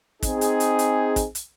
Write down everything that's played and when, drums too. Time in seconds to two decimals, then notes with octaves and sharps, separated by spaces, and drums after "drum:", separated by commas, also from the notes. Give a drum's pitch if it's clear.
0.23 C4 D#4 G#4, drum: kick, hi-hat
0.41 drum: hi-hat
0.60 drum: hi-hat
0.79 drum: hi-hat
1.16 drum: kick, hi-hat
1.35 drum: hi-hat